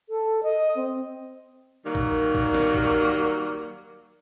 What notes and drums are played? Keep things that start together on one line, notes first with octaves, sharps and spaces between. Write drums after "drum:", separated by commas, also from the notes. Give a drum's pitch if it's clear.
A4
D#5
C4
D#3 F#3 G3 A#3
drum: kick
drum: kick
drum: snare
drum: kick